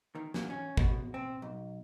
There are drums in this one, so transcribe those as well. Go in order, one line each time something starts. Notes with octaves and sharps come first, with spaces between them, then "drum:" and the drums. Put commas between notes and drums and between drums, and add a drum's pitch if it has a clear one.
D#3
A#2, drum: snare
C#4
B2, drum: kick
C4
B1